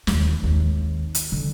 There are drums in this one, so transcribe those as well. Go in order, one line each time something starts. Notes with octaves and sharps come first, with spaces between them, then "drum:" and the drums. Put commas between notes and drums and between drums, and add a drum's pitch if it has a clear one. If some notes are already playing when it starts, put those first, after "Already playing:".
D#2 D3, drum: snare
G#1 D#2
drum: hi-hat
D3 F3